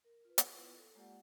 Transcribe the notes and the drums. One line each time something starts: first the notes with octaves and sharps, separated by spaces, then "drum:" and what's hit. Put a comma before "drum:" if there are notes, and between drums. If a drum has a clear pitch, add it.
A#4
F4 B4
drum: hi-hat
B3 E4 F4 B4
A4
G#3 A#3 F4 G4 D5 F#5